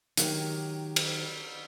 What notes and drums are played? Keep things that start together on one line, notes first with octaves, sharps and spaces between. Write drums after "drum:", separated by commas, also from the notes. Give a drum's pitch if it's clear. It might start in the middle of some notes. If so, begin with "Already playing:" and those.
D#3 F#3 G4, drum: hi-hat
drum: cymbal